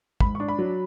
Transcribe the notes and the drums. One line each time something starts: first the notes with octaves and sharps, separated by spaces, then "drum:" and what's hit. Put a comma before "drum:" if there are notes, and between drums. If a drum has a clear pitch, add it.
G#2 B5, drum: kick
D4 C#6
B5
F#3